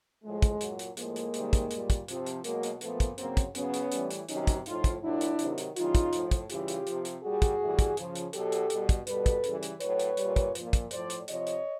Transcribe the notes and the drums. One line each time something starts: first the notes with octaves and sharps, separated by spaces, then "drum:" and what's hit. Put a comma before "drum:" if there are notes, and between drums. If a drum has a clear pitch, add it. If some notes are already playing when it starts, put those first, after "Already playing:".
A2 F3 G#3
drum: kick, hi-hat
A#2 F#3, drum: hi-hat
drum: hi-hat
A2 F3 G#3 A#3, drum: hi-hat
drum: hi-hat
C3 D#3 G3, drum: hi-hat
drum: kick, hi-hat
A#2 G3, drum: hi-hat
drum: kick, hi-hat
C3 F3, drum: hi-hat
drum: hi-hat
B2 F#3 G#3 A#3, drum: hi-hat
drum: hi-hat
A#2 F3 A3 B3, drum: hi-hat
drum: kick, hi-hat
C#3 F#3 A#3 C4, drum: hi-hat
drum: kick, hi-hat
C#3 F#3 B3 C#4, drum: hi-hat
drum: hi-hat
A2 E3 G3, drum: hi-hat
drum: hi-hat
C3 D#3 F#3 C#4 D#4, drum: hi-hat
drum: kick, hi-hat
A2 F3 D#4 F4, drum: hi-hat
drum: kick, hi-hat
A#2 F#3 D4 E4
drum: hi-hat
C3 D#3 F#3, drum: hi-hat
drum: hi-hat
C#3 E3 G3 D#4 F4, drum: hi-hat
drum: kick, hi-hat
A2 F3, drum: hi-hat
drum: kick, hi-hat
C#3 E3 G3 F4 G4, drum: hi-hat
drum: hi-hat
C3 F3, drum: hi-hat
drum: hi-hat
A#2 G3 F#4 G#4
drum: kick, hi-hat
A2 E3 G3
drum: kick, hi-hat
C#3 F3, drum: hi-hat
drum: hi-hat
B2 F#3 G4 A4, drum: hi-hat
drum: hi-hat
B2 G3, drum: hi-hat
drum: kick, hi-hat
B2 G3 A4 B4, drum: hi-hat
drum: kick, hi-hat
C#3 E3 G3, drum: hi-hat
drum: hi-hat
A2 F#3 B4 C#5, drum: hi-hat
drum: hi-hat
A#2 G3, drum: hi-hat
drum: kick, hi-hat
A#2 F3, drum: hi-hat
drum: kick, hi-hat
A2 F3 C5 D5, drum: hi-hat
drum: hi-hat
C3 F3 C#5 D#5, drum: hi-hat
drum: hi-hat